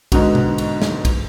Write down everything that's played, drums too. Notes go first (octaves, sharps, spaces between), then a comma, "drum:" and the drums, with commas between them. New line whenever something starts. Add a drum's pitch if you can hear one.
G#2 B2 D3 D#4 F#4, drum: kick, cymbal
drum: tom B2
drum: cymbal
drum: snare
drum: kick, cymbal